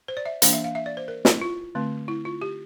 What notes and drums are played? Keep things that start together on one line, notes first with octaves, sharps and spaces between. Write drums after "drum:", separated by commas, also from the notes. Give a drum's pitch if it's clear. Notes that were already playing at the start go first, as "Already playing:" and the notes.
C5
D5
E5
E3 A#3 D4 F5, drum: hi-hat
E5
F5
E5
D5
C5
A#4
E4, drum: snare
F4
D3 A3 C4
E4
F4
G4